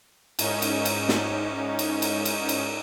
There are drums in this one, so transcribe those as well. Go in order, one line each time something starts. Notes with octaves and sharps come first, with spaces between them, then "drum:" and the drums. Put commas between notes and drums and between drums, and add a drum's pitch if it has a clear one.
G#2 C#4 D#4, drum: cymbal
drum: cymbal
drum: cymbal
drum: snare
drum: cymbal
drum: cymbal
drum: cymbal
drum: cymbal